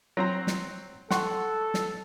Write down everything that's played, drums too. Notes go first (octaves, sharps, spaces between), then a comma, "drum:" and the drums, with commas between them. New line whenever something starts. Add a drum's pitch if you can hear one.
F#3 C4 A#5
drum: snare
A4 F#5 C6 C#6, drum: snare
drum: snare